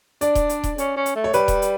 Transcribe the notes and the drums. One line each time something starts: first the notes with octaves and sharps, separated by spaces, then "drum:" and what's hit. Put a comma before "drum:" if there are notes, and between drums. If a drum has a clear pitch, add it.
D4 D5, drum: hi-hat
drum: kick D#1, hi-hat
drum: hi-hat
drum: kick D#1, hi-hat
C#4, drum: hi-hat
C#4
drum: hi-hat
A3
C#5
G3 B4, drum: hi-hat
drum: kick D#1, hi-hat
drum: hi-hat